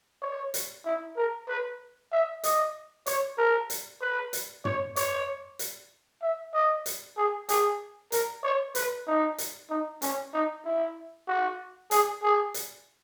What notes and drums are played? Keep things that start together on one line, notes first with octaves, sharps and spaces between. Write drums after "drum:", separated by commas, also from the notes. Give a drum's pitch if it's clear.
C#5
drum: hi-hat
E4
A#4
B4
E5
D#5, drum: hi-hat
C#5, drum: hi-hat
A#4
drum: hi-hat
B4
drum: hi-hat
C#5, drum: tom
C#5, drum: hi-hat
drum: hi-hat
E5
D#5
drum: hi-hat
G#4
G#4, drum: hi-hat
A#4, drum: hi-hat
C#5
B4, drum: hi-hat
D#4
drum: hi-hat
D#4
C#4, drum: hi-hat
D#4
E4
F#4
G#4, drum: hi-hat
G#4
drum: hi-hat